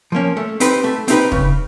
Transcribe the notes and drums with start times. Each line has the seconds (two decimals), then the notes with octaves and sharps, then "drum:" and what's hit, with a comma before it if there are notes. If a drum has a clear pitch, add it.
0.12 F3 A#3 C#4
0.37 A3
0.60 C4 D#4 G4 B4, drum: hi-hat
0.84 A3
1.08 C4 D#4 G4 B4, drum: hi-hat
1.32 C#3, drum: kick